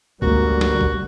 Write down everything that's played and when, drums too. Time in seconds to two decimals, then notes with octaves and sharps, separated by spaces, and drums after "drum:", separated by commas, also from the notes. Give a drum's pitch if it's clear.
0.22 F#1 D2 G#2 G3 A#3 F#4 A#4, drum: kick A#1
0.61 drum: snare
0.81 drum: kick A#1